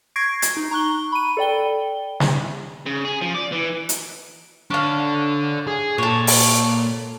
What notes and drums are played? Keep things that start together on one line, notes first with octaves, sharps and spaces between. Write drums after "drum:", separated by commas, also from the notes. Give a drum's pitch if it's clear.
C#6 G#6 A#6 C7 D7
drum: hi-hat
D#4
A#5 C#6 F#6 G7
B5 D#7
A4 D5 G5 G7
drum: snare
C#3
G#4
F3
D5
E3
drum: hi-hat
C#4 D4 A4 F5
G#4
A#2 A4 C#5
drum: open hi-hat